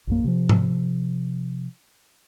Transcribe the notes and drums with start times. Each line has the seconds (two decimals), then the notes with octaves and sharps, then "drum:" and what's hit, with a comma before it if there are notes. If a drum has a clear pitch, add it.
0.07 A#1 F#2 A#3
0.24 C3 F3
0.49 drum: tom G#2